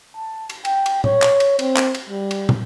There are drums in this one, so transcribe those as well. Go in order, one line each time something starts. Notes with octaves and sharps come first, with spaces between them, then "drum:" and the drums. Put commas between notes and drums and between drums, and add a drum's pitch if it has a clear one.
A5
drum: cymbal
G5, drum: cymbal
drum: cymbal
C#5, drum: tom A#2
drum: clap
drum: cymbal
C4, drum: cymbal
drum: clap
drum: cymbal
G3
drum: cymbal
drum: tom